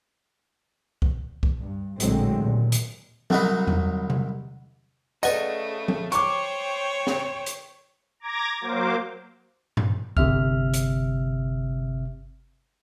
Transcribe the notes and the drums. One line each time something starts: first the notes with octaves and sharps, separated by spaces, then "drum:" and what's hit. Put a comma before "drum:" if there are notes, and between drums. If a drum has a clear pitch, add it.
drum: kick C2
drum: kick C2
G2
A#1 A2 D3 F#3 G#3 C4, drum: hi-hat
D#2 A#2
drum: hi-hat
C2 F#3 D#4 B4, drum: tom F3
drum: tom E2
drum: tom C3
C#3 A3 B4 D5 D#5 F#5, drum: tambourine
drum: tom F3
C5 C#5 G5 C#6 D6, drum: hi-hat
drum: snare
drum: hi-hat
A#5 D6 G#6 A#6
F#3 A#3 A#4 C5 D6
drum: tom G2
G1 C3 E5 F6, drum: kick C2
drum: hi-hat